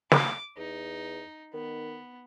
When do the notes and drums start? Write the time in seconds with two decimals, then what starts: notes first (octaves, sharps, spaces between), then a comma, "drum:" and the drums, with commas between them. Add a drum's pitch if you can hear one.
0.12 D6, drum: snare
0.57 E2 D#4
1.54 D#3 B3